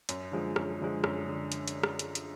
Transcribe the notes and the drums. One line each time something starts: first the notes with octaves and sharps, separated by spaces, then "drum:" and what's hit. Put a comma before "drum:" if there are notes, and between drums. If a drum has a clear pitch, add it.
F#2, drum: hi-hat
D3 F3 G#3
F#2, drum: rim click
D3 F3 G#3
F#2, drum: rim click
D3
drum: hi-hat
drum: hi-hat
drum: rim click
drum: hi-hat
drum: hi-hat